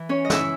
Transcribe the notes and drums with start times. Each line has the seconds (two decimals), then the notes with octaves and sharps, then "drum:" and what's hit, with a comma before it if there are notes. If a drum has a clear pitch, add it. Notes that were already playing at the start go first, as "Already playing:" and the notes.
Already playing: E3
0.09 C#4 C#5
0.25 D#5
0.30 E3 E4 E5, drum: snare